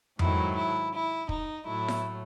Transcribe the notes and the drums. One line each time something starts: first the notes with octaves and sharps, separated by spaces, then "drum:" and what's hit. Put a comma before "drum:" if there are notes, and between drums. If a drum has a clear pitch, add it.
G#2 D#3 F#3 A3 E4, drum: tom F2
E4
E4
D#4, drum: kick
A2 F#3 A3 E4
drum: snare E4